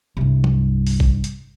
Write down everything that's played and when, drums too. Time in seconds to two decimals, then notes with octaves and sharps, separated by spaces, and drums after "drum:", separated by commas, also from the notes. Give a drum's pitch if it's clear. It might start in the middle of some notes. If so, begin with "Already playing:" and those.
0.17 C2 G2
0.44 drum: tom
0.87 drum: open hi-hat
1.00 drum: kick A1
1.24 drum: hi-hat